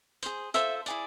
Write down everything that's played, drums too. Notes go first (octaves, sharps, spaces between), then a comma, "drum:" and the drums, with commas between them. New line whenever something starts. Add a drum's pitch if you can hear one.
G#4 C5, drum: tambourine
F4 A4 C5 E5, drum: tambourine
E4 G#4 D5, drum: tambourine